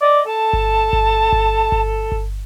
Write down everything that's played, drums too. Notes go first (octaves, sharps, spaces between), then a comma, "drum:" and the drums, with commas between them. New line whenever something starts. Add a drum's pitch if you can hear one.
D5 D#5
A4 A5
drum: kick G1
drum: kick G1
drum: kick G1
drum: kick G1
drum: kick G1